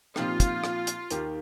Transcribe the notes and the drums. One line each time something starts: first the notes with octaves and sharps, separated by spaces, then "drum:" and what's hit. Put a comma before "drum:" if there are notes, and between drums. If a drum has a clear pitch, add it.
A#2 F3 C4 D#4 F4 G4, drum: rim click
drum: kick, hi-hat
drum: rim click
drum: hi-hat
D#2 D#3 A#3 D#4 G4, drum: hi-hat